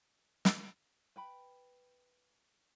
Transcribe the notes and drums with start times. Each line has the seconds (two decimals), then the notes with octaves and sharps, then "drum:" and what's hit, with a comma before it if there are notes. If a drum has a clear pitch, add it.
0.45 drum: snare
1.16 B4 G5 B5